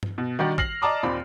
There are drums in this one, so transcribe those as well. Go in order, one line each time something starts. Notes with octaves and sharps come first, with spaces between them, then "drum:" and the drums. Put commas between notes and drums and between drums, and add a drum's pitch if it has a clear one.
drum: tom G2
B2
D#3 G3 D4 F#4 G4 D5
F6 A#6 C7 F#7, drum: kick
D5 D#5 A5 A#5 D6 D#6
D#2 A#2 C4 D5 B5